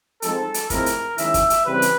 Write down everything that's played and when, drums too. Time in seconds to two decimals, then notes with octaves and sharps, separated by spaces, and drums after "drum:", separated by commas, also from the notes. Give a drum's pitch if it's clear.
0.22 F3 G#3 C4 D#4 A4, drum: hi-hat
0.54 drum: hi-hat
0.70 A2 F3 G#3 C4 E4 A#4, drum: kick, hi-hat
0.86 drum: hi-hat
1.18 D#3 G#3 C#4 E4 E5, drum: hi-hat
1.34 drum: kick, hi-hat
1.50 drum: hi-hat
1.66 C#3 E3 G3 C4 B4
1.82 drum: hi-hat